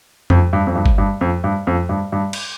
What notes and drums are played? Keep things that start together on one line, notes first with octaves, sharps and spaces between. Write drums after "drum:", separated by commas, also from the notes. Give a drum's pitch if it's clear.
F2, drum: tom F2
G2
F2
G2
drum: kick G1
G2
F2
G2
F2
G2
G2
drum: cymbal